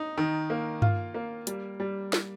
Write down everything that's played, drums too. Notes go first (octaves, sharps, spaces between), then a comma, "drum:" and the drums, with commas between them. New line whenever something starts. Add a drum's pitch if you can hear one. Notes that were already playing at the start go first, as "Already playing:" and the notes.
Already playing: D#4
D#3
A#3
F4, drum: tom G2
A#3
G3, drum: hi-hat
G3
drum: snare